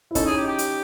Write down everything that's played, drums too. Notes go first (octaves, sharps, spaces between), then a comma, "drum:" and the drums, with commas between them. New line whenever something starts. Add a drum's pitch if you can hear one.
E4
C#4 D#4 A4, drum: kick, hi-hat
G#4
G4
G4
drum: hi-hat